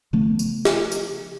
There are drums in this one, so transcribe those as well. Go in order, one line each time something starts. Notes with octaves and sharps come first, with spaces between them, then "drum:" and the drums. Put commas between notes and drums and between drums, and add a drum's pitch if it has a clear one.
C#3 F3 A3 B3
drum: tambourine
drum: snare
drum: tambourine